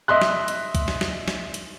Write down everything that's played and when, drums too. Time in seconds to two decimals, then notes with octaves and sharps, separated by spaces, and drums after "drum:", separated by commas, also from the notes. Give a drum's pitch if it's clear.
0.08 D#5 E5 C6 F#6
0.22 drum: snare
0.48 drum: hi-hat
0.75 drum: kick C2, hi-hat
0.88 drum: snare
1.01 drum: snare
1.28 drum: snare
1.54 drum: hi-hat